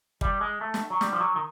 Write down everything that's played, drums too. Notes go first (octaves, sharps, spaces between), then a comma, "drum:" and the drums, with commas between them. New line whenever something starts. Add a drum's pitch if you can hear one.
G3, drum: kick
G#3
A3
drum: snare
F#3
G3, drum: snare
F3
F#3
D#3